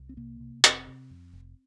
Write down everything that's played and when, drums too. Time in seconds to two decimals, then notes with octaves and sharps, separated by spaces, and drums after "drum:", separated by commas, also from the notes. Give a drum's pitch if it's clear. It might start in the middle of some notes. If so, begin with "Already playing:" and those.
Already playing: C2
0.09 C4
0.17 C3 A#3
0.40 C3
0.64 F1 C4, drum: hi-hat
0.87 C3
1.11 F2
1.33 F1